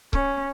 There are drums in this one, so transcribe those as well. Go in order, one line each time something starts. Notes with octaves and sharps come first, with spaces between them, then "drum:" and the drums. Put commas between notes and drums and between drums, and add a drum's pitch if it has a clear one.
C#4, drum: kick C#1